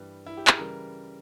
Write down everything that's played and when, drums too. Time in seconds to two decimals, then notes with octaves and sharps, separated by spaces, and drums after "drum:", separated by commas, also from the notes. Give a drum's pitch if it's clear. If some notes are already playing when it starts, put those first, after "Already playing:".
Already playing: G2 E3 G3 B4
0.26 E4
0.37 G4
0.47 G#4, drum: clap
0.57 C#3 E3 G3 A#4